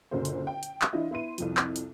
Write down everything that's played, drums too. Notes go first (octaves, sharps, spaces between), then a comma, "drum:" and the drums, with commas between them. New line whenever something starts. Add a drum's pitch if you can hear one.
F#1 C#2 A#2 D3 F#4 C5
drum: hi-hat
G5
drum: hi-hat
drum: clap
E3 D4 E4 F4 D#5
B3 E4 C6 D#7
C2 F2 F3, drum: hi-hat
drum: clap
drum: hi-hat